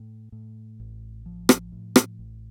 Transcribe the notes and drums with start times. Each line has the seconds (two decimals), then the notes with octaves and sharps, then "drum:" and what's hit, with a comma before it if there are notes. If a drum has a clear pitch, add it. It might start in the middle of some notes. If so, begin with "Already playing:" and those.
Already playing: A2
0.32 A2
0.80 A1
1.26 F3
1.49 drum: rim click
1.72 A2
1.96 drum: rim click
2.19 A1